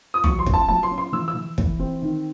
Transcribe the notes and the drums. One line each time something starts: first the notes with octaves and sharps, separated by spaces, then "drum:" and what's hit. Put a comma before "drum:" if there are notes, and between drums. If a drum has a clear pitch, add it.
D#6
F#3 C#6, drum: tom
C6
C#4, drum: kick
A5
F#3 A5
C6
C#4
C6
E3 E6
E6
E3
E3, drum: kick
C4
D#3